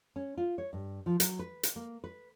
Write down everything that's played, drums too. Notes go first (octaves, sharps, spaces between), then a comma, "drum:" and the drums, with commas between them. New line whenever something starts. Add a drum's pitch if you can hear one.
C#4
F4
C#5
G2
F3
F#3, drum: hi-hat
B4
drum: hi-hat
A#3
B4